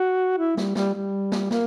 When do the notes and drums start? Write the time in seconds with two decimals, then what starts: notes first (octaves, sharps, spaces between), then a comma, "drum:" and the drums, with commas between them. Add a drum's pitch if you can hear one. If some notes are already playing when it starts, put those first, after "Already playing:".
Already playing: F#4
0.37 E4
0.57 G3, drum: snare
0.75 G3, drum: snare
0.94 G3
1.32 drum: snare
1.51 A#3, drum: snare